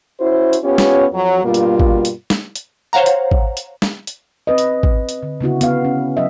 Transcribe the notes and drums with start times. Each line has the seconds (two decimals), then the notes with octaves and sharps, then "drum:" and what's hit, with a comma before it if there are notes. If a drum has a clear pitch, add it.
0.20 C#4 E4 F#4 C5
0.53 drum: hi-hat
0.63 B3 C#4 F4 G4 C#5
0.78 drum: snare
1.13 F2 F#3
1.44 G2 B2 G3 A#3 F4
1.54 drum: hi-hat
1.80 drum: kick G#1
2.05 drum: hi-hat
2.30 drum: snare
2.55 drum: hi-hat
2.93 C5 C#5 F5 F#5 A#5
3.06 drum: hi-hat
3.31 drum: kick G#1
3.57 drum: hi-hat
3.82 drum: snare
4.07 drum: hi-hat
4.47 C4 B4 D#5
4.58 drum: hi-hat
4.83 drum: kick G#1
5.09 drum: hi-hat
5.23 D3
5.41 C#3 B3 E4 F#4
5.61 B3 F5, drum: hi-hat
5.85 C#4
6.17 F#3 D#5 E5